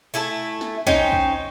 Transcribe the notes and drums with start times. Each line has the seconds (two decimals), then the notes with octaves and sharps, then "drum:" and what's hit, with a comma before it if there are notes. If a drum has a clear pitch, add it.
0.14 A3 E4 G#5 A5
0.61 drum: snare
0.87 C#4 D#4 C5 G5, drum: kick
1.12 drum: kick